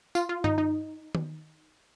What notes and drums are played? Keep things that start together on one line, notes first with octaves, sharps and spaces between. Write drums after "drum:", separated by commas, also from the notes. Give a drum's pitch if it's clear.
F4, drum: tambourine
F4
D#4, drum: tom G2
D#4
drum: tom D#3